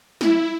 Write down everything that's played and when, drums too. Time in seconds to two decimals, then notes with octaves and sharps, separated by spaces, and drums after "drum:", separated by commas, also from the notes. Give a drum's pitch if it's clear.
0.21 E4, drum: snare